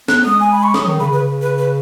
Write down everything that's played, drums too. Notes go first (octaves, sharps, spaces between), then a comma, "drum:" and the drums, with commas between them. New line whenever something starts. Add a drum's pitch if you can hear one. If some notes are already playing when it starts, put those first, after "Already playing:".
B3 F#6, drum: snare
G#3 D#6
G#5
B5
C#6
F#3 D#6, drum: snare
D#3
C#3 B5
C#3 B4
B4
B4